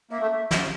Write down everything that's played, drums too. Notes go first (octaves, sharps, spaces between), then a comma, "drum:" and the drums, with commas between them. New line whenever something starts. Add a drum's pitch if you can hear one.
A#3 E5
A3
drum: snare